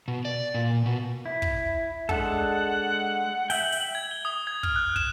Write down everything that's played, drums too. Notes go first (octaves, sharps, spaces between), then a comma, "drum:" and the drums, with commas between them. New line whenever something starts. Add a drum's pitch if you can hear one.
B2
D5
A#2
B2
E4
drum: kick
G#3 D4 A4 F#5, drum: kick
E5 G5 F#7, drum: open hi-hat
drum: open hi-hat
G#6
G7
D#6
G#6
F6, drum: kick
F#6
E7, drum: kick